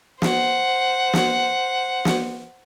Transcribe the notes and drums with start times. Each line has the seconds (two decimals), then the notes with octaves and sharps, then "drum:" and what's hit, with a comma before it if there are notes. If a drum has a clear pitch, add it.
0.22 C5 F#5, drum: snare
1.13 drum: snare
2.05 drum: snare